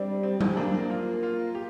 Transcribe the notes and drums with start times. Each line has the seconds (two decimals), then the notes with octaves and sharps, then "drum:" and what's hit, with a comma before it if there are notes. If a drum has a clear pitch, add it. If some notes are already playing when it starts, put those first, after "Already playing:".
Already playing: G3 C4 D4
0.23 C4
0.41 drum: tom F#3
0.57 A#3 D4
0.90 F4
1.23 F4
1.55 G4